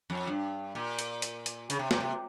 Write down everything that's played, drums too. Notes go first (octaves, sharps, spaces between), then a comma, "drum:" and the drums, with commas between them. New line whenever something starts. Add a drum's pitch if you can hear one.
F2
G2
A#2
drum: hi-hat
drum: hi-hat
drum: hi-hat
C#3, drum: hi-hat
C3
A#2, drum: snare
C3